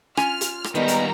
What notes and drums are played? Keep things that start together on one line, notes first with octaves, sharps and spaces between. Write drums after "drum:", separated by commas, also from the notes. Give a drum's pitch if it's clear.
C#4 F4 G#5 F6, drum: rim click
drum: hi-hat
drum: rim click
G2 D#3 G3 G#3 B3 A#4 A#5
drum: hi-hat